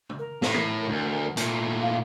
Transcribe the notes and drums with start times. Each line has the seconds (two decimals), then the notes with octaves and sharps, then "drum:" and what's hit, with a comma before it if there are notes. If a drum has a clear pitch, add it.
0.09 drum: tom C#3
0.19 A#4
0.42 A2, drum: snare
0.54 drum: tom
0.88 D2
1.37 A#2 A3, drum: hi-hat
1.82 F5